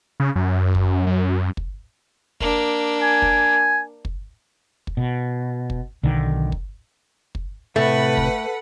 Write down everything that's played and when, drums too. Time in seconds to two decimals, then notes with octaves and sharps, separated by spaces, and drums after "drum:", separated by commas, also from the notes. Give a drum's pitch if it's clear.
0.20 C#3
0.36 F#2
0.75 drum: kick
1.07 F#2
1.57 drum: kick
2.40 A#3 D4, drum: kick
3.02 G#5
3.22 drum: kick
4.05 drum: kick
4.87 drum: kick
4.97 B2
5.70 drum: kick
6.03 B1 D3 D#3
6.52 drum: kick
7.35 drum: kick
7.76 A2 C3 A3 B4 F#5
8.17 drum: kick